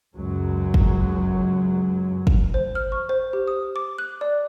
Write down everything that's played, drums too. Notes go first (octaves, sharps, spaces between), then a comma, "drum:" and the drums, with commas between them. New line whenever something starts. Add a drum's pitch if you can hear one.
C#2 F#2 F#3 G#3
drum: kick
drum: kick
C5
F6
C#6
C5
G4
D#6
D6
F#6
D5